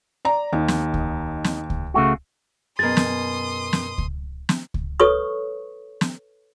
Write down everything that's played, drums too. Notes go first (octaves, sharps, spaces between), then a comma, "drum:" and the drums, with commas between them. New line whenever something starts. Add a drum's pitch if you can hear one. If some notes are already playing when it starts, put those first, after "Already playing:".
D5 A#5
D#2 D#4
drum: snare
drum: kick C#2
drum: snare
drum: kick C#2
C#3 A3 F#4
F#2 B2 G#4 A#4 C6 D#6 A6
drum: snare
drum: snare
drum: kick C#2
drum: snare
drum: kick C#2
A4 B4 C#5 C#6 D#6
drum: snare